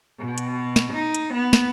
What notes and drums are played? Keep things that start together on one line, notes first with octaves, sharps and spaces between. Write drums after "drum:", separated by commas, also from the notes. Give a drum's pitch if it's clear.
B2
drum: hi-hat
drum: snare
D#4
drum: hi-hat
B3
drum: snare